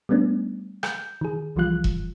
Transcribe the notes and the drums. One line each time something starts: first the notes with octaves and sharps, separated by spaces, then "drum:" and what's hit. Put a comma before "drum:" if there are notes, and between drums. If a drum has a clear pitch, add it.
G3 A3 B3 C#4 D4
G6, drum: rim click
D#3 G#4
C2 E3 F3 G3 F4 F#6
drum: kick E1